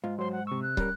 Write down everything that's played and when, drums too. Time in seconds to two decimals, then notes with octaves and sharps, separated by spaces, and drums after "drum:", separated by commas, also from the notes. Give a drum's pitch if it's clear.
0.04 G#2 F4
0.19 F#3 C5 C6
0.32 F#5
0.47 C3 C#6 E6
0.63 F#6
0.77 G3 C#4 A#4, drum: kick